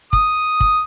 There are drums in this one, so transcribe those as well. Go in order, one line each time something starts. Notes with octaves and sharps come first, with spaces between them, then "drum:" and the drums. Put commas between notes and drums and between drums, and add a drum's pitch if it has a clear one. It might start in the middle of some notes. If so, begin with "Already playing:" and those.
D#6, drum: kick
drum: kick